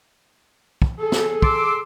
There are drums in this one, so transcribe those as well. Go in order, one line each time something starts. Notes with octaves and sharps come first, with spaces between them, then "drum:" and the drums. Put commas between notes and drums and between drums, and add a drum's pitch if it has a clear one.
drum: kick
G#4 A4
drum: snare
C6 D6 E6, drum: kick